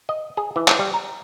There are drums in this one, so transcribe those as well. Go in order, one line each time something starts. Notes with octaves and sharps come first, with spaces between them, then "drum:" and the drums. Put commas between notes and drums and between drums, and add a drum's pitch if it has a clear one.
D#5
G#4
E3
drum: clap
G3
A#5